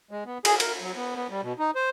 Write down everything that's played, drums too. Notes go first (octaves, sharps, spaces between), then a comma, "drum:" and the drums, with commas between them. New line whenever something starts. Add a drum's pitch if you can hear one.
G#3
B3
G#4, drum: cymbal
A#4, drum: cymbal
F#3
B3
B3
G3
B2
D#4
C5